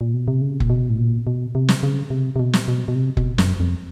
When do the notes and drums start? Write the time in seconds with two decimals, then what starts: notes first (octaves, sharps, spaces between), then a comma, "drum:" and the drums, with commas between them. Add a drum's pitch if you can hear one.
0.01 A#2
0.14 B2
0.28 C3
0.41 C#3
0.60 A#2, drum: kick
0.70 B2
0.89 A2
0.98 A#2
1.27 B2
1.55 C3
1.69 drum: snare
1.83 C#3
2.10 C3
2.36 C3
2.39 B2
2.53 drum: snare
2.68 B2
2.88 B2
2.95 C3
3.17 B2, drum: kick
3.38 F#2, drum: snare
3.60 F2